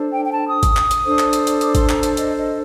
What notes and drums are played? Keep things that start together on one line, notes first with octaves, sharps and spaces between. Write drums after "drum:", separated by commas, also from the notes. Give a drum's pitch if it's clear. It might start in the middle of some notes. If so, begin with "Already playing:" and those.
Already playing: D4 A4 C5
G5
G5
A5
D#6
drum: kick G#1, hi-hat
drum: clap
drum: hi-hat
D4 A4 C5
drum: clap
drum: hi-hat
drum: hi-hat
D6, drum: hi-hat
C6, drum: kick G#1, hi-hat
A#5, drum: clap
A5, drum: hi-hat
D#5, drum: hi-hat
D#5